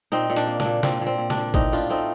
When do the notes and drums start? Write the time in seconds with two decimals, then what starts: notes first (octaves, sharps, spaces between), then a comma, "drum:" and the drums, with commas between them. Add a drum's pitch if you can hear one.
0.12 A#2 C4 D#4
0.30 A#2
0.36 D4, drum: hi-hat
0.47 A#3
0.60 D4, drum: snare
0.65 A#2
0.83 A#2 C4, drum: snare
1.01 A#2
1.06 C4
1.18 A#2
1.30 D4, drum: snare
1.37 A#2
1.54 A2 C4 D#4, drum: kick G#1
1.72 A2 D4 F4
1.90 A3 C4 D#4